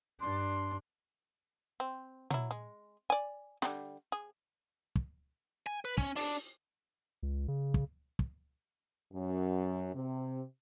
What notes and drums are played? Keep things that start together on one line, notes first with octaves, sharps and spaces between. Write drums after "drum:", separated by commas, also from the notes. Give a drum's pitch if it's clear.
G2 D4 C6
C4
F#3 E4, drum: tom A#2
G#3
D5 G#5
D3 G3 G4, drum: snare
G#4
drum: kick
G#5
B4
C#4, drum: kick
D4, drum: open hi-hat
C#2
C#3
drum: kick
drum: kick
F#2
C3